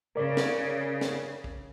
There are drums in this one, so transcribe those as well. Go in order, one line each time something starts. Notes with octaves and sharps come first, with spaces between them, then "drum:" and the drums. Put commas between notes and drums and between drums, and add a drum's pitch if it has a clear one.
C#3 A#4 D5
drum: snare
drum: snare
drum: kick